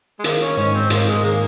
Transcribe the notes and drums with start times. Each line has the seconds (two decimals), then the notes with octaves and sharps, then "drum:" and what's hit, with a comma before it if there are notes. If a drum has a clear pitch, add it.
0.19 G#3
0.24 D#3 A#3, drum: hi-hat
0.41 C#4
0.57 G#2 C#4
0.75 C4
0.90 G#2 A#3, drum: hi-hat
1.08 G#3
1.23 D#3 A#3